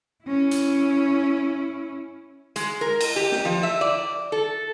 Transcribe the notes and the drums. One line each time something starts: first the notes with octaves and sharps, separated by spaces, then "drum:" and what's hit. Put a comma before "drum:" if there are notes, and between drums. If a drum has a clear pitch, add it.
C#4 E4
drum: hi-hat
G#3, drum: hi-hat
A#4
drum: cymbal
G4
drum: snare
F3
E5
D5
A4